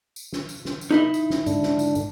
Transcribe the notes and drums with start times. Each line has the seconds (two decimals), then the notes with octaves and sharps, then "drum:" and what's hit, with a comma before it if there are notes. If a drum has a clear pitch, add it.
0.16 drum: tambourine
0.32 drum: snare
0.49 drum: tambourine
0.65 drum: snare
0.81 drum: tambourine
0.91 D#4 E4 D#5
1.14 drum: tambourine
1.30 drum: snare
1.46 G#2 D3 D4, drum: tambourine
1.63 drum: snare
1.79 drum: tambourine
1.95 drum: tambourine